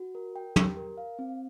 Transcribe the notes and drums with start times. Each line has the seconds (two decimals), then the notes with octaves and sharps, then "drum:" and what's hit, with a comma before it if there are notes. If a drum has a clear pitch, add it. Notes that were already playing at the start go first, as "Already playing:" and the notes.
Already playing: F#4
0.15 A#4
0.36 G5
0.56 G4, drum: tom
0.77 A#4
0.98 F5
1.19 C4